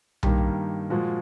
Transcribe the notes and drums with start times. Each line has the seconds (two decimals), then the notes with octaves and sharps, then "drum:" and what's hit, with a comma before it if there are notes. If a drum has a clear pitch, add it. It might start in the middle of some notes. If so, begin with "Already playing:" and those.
0.23 G2 D#3 G3 A#3 G4, drum: tom B1
0.90 A#2 F3 G#3 F#4